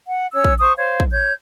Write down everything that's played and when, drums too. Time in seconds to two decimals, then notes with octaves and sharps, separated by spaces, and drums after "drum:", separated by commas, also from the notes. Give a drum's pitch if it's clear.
0.08 F#5
0.33 C#4 C#5 E6
0.44 drum: kick
0.59 C5 C#6 D#6
0.76 C5 C#5 F5
1.00 drum: kick
1.11 C#5 G6